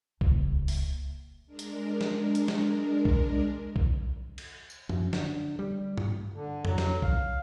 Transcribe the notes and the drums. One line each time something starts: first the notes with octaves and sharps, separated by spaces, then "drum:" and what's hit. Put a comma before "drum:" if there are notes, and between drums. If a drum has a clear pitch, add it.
D#1 C#2, drum: kick B1
drum: open hi-hat
G#3 D4 A#4
drum: hi-hat
drum: snare
drum: hi-hat
drum: snare
drum: kick B1
drum: kick B1
drum: cymbal
drum: tambourine
F#2, drum: tom F3
D3, drum: snare
G3
drum: tom G2
D3
F#3, drum: tom F2
drum: snare
F5, drum: kick B1